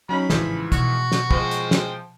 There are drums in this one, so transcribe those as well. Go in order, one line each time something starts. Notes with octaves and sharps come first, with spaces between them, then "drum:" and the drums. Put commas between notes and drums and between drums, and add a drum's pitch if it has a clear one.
F#3 C#4 D#4 B5
A1 G#2 C#3 E3 F3, drum: snare
B2 F#4, drum: kick, hi-hat
drum: snare
F3 G#3 C5 G5, drum: kick
drum: hi-hat
drum: snare